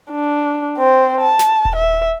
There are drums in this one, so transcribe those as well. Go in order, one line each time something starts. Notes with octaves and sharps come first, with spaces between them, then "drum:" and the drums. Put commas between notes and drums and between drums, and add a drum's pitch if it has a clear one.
D4
C4 C5
A5
drum: snare
drum: kick D#1
E5